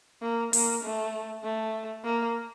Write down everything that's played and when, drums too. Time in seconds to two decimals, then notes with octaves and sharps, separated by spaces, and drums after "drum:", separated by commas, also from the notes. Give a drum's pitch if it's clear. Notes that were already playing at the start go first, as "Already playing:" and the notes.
0.22 A#3
0.53 A#3, drum: open hi-hat
0.83 A3
1.44 A3
2.05 A#3